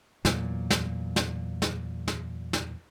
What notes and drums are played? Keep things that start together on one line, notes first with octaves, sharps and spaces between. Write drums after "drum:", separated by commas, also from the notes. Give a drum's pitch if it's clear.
E2 A#2 F#3, drum: snare
drum: snare
drum: snare
drum: snare
drum: snare
drum: snare